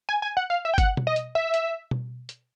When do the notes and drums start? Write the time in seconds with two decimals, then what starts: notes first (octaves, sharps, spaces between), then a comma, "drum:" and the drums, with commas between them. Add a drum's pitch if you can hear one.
0.09 G#5
0.22 G#5
0.37 F#5
0.50 F5
0.65 E5
0.74 G5
0.78 F#5, drum: kick G1, hi-hat
0.97 drum: tom B2
1.07 D#5
1.16 drum: hi-hat
1.35 E5
1.54 drum: hi-hat
1.91 drum: tom B2
2.29 drum: hi-hat